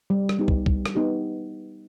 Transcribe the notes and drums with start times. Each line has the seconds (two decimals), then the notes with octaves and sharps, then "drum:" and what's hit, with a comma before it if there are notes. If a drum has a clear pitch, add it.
0.10 G3
0.29 drum: rim click
0.39 B3 D#4 G4
0.48 drum: kick
0.66 G3, drum: kick
0.86 drum: rim click
0.95 B3 D#4 G4